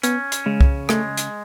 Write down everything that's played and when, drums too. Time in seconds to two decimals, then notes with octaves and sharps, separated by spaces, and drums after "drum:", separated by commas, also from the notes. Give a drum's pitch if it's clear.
0.03 B3 C#4, drum: hi-hat
0.32 drum: hi-hat
0.46 C#3 G#3
0.60 drum: kick C2
0.89 G#3 A3, drum: rim click
1.17 drum: hi-hat